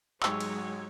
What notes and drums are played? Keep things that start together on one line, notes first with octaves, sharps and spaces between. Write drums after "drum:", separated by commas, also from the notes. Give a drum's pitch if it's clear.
G#2 F#3 G#3 G4 C#5 E6, drum: clap
drum: cymbal